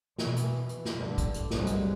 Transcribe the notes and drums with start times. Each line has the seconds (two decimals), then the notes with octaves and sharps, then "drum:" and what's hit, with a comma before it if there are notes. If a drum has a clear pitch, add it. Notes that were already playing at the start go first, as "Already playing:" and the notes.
0.18 B2 E3, drum: snare
0.36 drum: hi-hat
0.69 drum: hi-hat
0.85 drum: snare
0.95 G2 D3
1.18 drum: kick, hi-hat
1.34 drum: hi-hat
1.50 F#1 C2 G2 F#3 G#3, drum: snare
1.67 drum: hi-hat